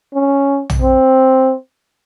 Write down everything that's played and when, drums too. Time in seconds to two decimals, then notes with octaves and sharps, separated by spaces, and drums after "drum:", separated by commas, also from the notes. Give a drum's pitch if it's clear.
0.14 C#4
0.69 drum: tom
0.82 C4